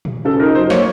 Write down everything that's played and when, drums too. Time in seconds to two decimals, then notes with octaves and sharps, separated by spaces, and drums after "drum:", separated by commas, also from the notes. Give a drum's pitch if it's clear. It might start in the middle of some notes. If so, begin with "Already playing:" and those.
0.05 drum: tom A#2
0.25 C#3 A4
0.40 D#4 A#4
0.55 F#3 C5
0.70 A#3 C#5, drum: snare